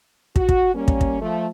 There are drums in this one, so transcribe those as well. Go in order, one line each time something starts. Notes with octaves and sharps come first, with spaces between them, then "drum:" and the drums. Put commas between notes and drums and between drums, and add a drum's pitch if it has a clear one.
F#4, drum: kick
drum: kick
G3 A#3 C#4
drum: kick
drum: kick
F3 A3